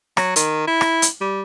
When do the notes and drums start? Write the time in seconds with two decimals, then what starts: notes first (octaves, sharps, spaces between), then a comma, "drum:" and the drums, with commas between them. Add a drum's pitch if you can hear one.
0.17 F#3, drum: rim click
0.36 D#3, drum: hi-hat
0.67 E4
0.81 drum: rim click
1.02 drum: hi-hat
1.21 G3